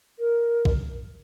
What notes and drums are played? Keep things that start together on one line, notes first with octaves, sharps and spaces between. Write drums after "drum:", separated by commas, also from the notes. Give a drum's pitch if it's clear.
A#4
drum: kick